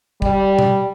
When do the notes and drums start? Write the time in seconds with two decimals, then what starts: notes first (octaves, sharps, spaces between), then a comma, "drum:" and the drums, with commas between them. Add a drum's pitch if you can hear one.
0.22 G3, drum: kick
0.59 drum: tom